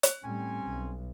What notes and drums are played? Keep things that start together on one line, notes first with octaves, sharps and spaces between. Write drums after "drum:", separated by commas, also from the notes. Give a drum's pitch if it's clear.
drum: hi-hat
A2 G3 C4 C#4 G#5
B1